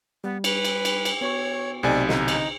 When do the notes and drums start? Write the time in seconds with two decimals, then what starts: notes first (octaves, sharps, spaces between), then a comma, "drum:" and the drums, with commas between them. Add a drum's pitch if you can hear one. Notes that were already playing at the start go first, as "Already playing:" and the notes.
0.24 G3 B3
0.44 B4, drum: cymbal
0.65 drum: cymbal
0.85 drum: cymbal
1.05 drum: cymbal
1.21 B3 F#4 C#5 C#6
1.83 B1 C3 A3 C4 D#4 D5 G#5
2.09 D3 C4 D#4 D#5, drum: snare
2.28 drum: cymbal